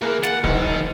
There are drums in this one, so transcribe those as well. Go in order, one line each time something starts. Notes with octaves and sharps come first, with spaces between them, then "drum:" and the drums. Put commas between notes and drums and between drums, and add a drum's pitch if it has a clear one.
E3 A#3 G#4 A#4
F#5 A6, drum: snare
F#1 D#3, drum: kick